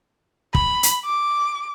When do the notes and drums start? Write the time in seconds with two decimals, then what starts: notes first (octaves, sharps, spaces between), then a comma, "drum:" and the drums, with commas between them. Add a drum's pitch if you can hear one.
0.55 B5, drum: kick
0.83 drum: hi-hat
1.05 D6